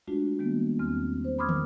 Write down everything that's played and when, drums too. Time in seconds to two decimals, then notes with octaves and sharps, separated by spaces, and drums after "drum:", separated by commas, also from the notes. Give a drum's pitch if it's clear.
0.07 G#3 A3 D4 F4 F#4
0.39 D#3 G3 G#3 A#3 B3
0.79 E2 C4 F6
1.24 C5
1.38 B5 C6 D6 D#6 F6 G#6
1.49 drum: tom